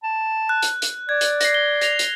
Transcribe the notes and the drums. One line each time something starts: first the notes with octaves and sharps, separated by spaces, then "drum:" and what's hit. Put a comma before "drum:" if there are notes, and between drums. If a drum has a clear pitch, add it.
A5
F#6
drum: hi-hat
drum: hi-hat
D5 G#6
drum: hi-hat
A#6 C7, drum: hi-hat
G7
A#6 F7, drum: hi-hat
drum: hi-hat